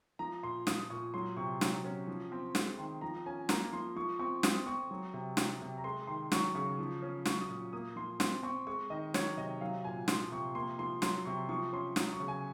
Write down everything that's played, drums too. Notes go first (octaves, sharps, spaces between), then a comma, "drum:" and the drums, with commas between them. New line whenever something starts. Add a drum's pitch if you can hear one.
F3 A#5
A#2 C6
F3 D#6, drum: snare
A#2 C#6
F#3 C6
C3 C#6
F#3, drum: snare
C#4
F3
C4
G#3, drum: snare
D#3 C6
F3 A#5
C#4 G#5
A#3 A#5, drum: snare
F3 C6
F3 C#6
C4 C#6
C4 D#6, drum: snare
C4 C#6
F#3
C3
F#3, drum: snare
C3
A#5
G#3 C6
D#3 C6
F#3 C#6, drum: snare
C#3 C#6
F3
C#4
F#3 C#6, drum: snare
D#6
A#2
A#3 D#6
F3 C6
C4 C6, drum: snare
C4 C#6
G#3 C#6
D#3 D#5
F#3 C#5, drum: snare
C3 D#5
F#3 F5
A#2 G#5
F3 C6, drum: snare
C3 C#6
A#3 C6
F3 C6
F#3 C6, drum: snare
C3 C#6
F3 C#6
C#4 C6
F#3 D#6, drum: snare
C#6
C#3
G#5